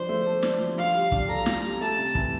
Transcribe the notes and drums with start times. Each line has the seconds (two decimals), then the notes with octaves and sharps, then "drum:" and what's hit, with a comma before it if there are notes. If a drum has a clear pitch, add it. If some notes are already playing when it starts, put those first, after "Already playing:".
Already playing: F3 D4 C5
0.09 A3
0.26 A4
0.43 D4, drum: snare
0.60 F3
0.77 F4 F5
0.95 G3
1.12 D4, drum: kick
1.29 A4 A#5
1.46 F4, drum: snare
1.64 G3
1.81 A3 A5
1.97 C3
2.15 E3, drum: kick